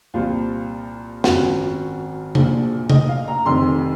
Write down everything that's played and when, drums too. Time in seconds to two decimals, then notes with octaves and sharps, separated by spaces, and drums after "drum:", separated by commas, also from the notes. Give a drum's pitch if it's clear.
0.14 C2 A#2 F3 F4
1.24 G#1 F#2 F3 F#4, drum: snare
2.35 A#1 A#2 F3, drum: tom C3
2.90 D#5, drum: tom C3
3.09 F5
3.27 A#5
3.45 F1 F2 C3 D#3 C6